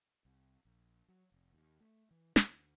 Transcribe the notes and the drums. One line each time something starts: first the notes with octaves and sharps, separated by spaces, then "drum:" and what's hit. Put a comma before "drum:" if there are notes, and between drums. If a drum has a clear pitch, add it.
C2
A#1
F#3
F1
D#2
A3
E3
D2, drum: snare